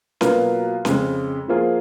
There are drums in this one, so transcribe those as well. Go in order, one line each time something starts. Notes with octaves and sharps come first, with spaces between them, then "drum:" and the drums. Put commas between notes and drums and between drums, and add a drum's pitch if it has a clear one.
B2 F#3 A#3 F4 B4, drum: snare C#4
F2 C#3 G#3, drum: snare C#4
F3 A#3 F4 G#4